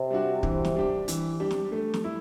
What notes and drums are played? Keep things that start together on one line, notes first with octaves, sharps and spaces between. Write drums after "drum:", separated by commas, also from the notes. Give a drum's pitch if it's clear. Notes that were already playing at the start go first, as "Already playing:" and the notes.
Already playing: C3
G3 D4 F#4
E3, drum: kick
drum: snare
G3 D4 G4
E3, drum: hi-hat
G3 D4 G4
drum: snare
A3
drum: snare
E4